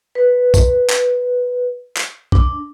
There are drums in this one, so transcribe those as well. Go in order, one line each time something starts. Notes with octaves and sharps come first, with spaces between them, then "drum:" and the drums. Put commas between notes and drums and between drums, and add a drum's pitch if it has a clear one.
B4
drum: kick, tambourine
drum: clap
drum: clap
D4, drum: kick